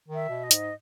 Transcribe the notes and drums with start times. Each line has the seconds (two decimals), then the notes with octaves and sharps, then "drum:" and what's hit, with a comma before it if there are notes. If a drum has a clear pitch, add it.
0.08 D#3
0.15 E5
0.29 B2
0.44 D#5
0.51 G#2, drum: hi-hat